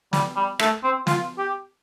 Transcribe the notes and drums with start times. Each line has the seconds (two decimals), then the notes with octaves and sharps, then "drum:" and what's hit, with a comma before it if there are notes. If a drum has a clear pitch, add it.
0.13 G3, drum: snare
0.36 G3
0.59 A3, drum: rim click
0.83 C4
1.07 F4, drum: snare
1.38 G4